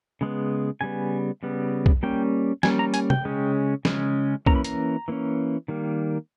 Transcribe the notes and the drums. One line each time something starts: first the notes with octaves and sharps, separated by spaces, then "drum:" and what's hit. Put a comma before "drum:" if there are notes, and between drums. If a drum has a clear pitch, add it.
C#3 G#3 B3
C#3 G3 B3 G#5
C#3 G3 B3
drum: kick
G3 A#3 C#4 G5
G3 A#3 C#4 G#5, drum: snare
A#5
G#5, drum: hi-hat
G5, drum: tom
C#3 G#3 C#4
C#3 G#3 C#4, drum: snare
E3 A#3 C#4 A#5, drum: kick
B5
A#5, drum: hi-hat
E3 A#3 C#4
D#3 G3 A#3